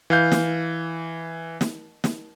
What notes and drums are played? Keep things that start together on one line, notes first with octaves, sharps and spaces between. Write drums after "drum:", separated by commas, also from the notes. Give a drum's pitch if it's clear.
E3 F5 G6
drum: snare
drum: snare
drum: snare